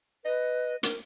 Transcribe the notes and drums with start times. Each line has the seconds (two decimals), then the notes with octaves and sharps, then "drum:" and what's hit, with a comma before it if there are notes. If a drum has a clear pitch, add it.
0.25 B4 D#5
0.83 A#4, drum: hi-hat